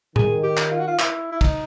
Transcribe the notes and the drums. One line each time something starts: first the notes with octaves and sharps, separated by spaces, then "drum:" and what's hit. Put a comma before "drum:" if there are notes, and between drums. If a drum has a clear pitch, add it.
D#3 G#4, drum: tom A2
G4
drum: clap
F4
F#4
F4
E4, drum: clap
E4
D#4, drum: kick, cymbal